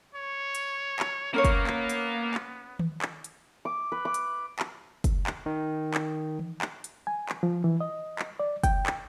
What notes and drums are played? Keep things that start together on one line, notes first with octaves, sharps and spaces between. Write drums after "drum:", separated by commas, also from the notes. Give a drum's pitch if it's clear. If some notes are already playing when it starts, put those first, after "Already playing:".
C#5
drum: hi-hat
drum: clap
A#3 B3 C#4 A#4 C#5 F5
drum: kick, hi-hat
drum: clap
drum: hi-hat
drum: clap
drum: tom D#3
drum: clap
drum: hi-hat
D6
B4
D6
drum: hi-hat
drum: clap
drum: kick, hi-hat
drum: clap
D#3
drum: clap
drum: tom E3
drum: clap
drum: hi-hat
G#5
drum: clap
F3
E3
D#5
drum: clap
D5
G5, drum: kick, hi-hat
drum: clap